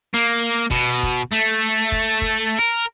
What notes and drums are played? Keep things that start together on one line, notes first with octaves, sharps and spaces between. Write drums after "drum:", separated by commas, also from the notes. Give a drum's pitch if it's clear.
A#3
B2, drum: kick
drum: kick
A3
drum: kick
drum: kick
A#4